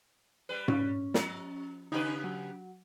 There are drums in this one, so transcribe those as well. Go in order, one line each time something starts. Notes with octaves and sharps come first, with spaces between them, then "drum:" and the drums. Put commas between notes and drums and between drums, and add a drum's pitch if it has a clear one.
G3 B4
C#4, drum: tom G#2
F3, drum: snare
C#3 D#4 G4 B4
F#3